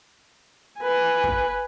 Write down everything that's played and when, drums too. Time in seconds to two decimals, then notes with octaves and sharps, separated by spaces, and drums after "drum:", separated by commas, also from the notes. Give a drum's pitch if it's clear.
0.80 B4 G#5
1.23 drum: kick